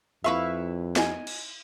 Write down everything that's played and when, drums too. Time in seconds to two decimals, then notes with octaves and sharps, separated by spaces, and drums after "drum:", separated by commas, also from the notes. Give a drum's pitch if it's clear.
0.24 F2 E4 B4 E5 F5 C#6
0.96 D#5 G#5, drum: snare
1.27 drum: cymbal